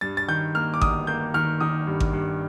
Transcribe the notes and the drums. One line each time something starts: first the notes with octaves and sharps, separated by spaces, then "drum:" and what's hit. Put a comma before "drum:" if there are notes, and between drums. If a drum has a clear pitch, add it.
G2 A6
A6
D#3 G6
A#3 F6
D6
G1 D#6, drum: kick G#1
A#3 G6
D#3 F6
D#3 D#6
G2
drum: kick G#1
G2